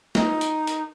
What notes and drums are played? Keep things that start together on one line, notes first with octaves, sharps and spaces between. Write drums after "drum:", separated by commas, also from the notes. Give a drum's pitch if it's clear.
D#4, drum: snare
drum: hi-hat
drum: hi-hat